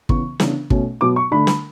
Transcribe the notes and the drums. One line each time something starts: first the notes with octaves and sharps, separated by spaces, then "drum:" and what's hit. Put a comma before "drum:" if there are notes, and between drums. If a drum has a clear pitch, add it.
C#3 E3 B3 C#6, drum: kick
C#3 E3 B3 D4, drum: snare
B2 A3 C#4, drum: kick
B2 F#3 B3 D6
C#6
D3 A3 D4 B5
drum: snare